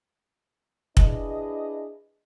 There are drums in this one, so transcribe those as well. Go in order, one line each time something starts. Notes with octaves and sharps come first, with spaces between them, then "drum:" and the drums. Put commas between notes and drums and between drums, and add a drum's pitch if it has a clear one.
D4 E4 G#4 B4 D#5, drum: kick